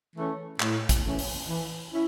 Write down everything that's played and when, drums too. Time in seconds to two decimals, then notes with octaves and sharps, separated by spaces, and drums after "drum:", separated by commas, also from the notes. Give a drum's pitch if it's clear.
0.16 E3 A3 C#4
0.60 A2, drum: clap
0.89 drum: kick, hi-hat
1.04 E3 A3 C#4
1.19 drum: open hi-hat
1.48 E3
1.92 C#4 E4